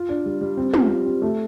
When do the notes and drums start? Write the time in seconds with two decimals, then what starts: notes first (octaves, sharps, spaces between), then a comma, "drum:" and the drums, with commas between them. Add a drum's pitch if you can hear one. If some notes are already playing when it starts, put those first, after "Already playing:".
Already playing: F4
0.09 D4
0.25 G3
0.41 G3
0.57 C4
0.74 F4, drum: tom
0.90 F4
1.06 C4
1.22 A3